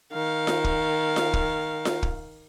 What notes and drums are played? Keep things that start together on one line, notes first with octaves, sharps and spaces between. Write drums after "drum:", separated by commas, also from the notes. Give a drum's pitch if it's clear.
D#3 F5
drum: snare F4
drum: kick
drum: snare F4
drum: kick
drum: snare F4
drum: kick